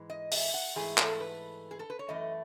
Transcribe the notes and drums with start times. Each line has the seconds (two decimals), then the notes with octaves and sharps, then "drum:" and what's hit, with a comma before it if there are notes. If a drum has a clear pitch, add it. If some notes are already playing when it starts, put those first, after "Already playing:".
Already playing: G#2 E3 G#3
0.10 D#5
0.32 E5, drum: open hi-hat
0.54 F#5
0.76 G#2 E3 A3 G#4
0.98 A4, drum: clap
1.20 B4
1.71 G#4
1.79 A4
1.90 B4
1.99 C#5
2.08 F#2 E3 A3 D#5